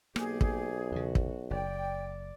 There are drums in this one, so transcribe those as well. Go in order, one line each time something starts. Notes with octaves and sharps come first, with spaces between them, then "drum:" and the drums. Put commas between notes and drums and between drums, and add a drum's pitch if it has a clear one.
B1 A#3 G4 G#4, drum: rim click
drum: kick
E2 C#3 F#4
drum: kick
F#1 D5 G5